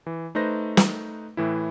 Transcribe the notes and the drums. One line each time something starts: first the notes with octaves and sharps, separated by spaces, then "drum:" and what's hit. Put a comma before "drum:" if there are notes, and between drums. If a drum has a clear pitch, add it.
E3
A3 D#4 B4 C5 A#6
drum: snare
A2 E3 E4